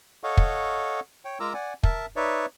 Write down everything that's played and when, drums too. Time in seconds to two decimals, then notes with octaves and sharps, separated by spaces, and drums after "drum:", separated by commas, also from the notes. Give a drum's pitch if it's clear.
0.24 A4 C#5 D#5 F5 F#5 C#6
0.37 drum: kick
1.25 C#5 G5
1.40 G#3 F4 A#4 A#5 D6 E6
1.54 D5 F#5 G#5
1.83 A#4 E5 A5, drum: kick
2.16 D#4 B4 C#5 D5 E5